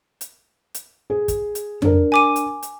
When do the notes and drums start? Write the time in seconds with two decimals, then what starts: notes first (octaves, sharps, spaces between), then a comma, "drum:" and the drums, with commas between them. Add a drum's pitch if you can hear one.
0.21 drum: hi-hat
0.74 drum: hi-hat
1.10 G#4
1.28 drum: kick, hi-hat
1.55 drum: hi-hat
1.82 D4 A#4, drum: tom F2
2.12 G#5 D6 D#7
2.36 drum: hi-hat
2.63 drum: hi-hat